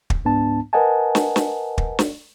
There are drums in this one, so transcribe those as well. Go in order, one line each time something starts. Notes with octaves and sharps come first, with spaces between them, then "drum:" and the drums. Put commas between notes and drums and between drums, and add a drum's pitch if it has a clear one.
drum: kick
C#2 G#2 B3 D4 A5
A#4 B4 D#5 F#5 G#5 A5
drum: snare
drum: snare
drum: kick
drum: snare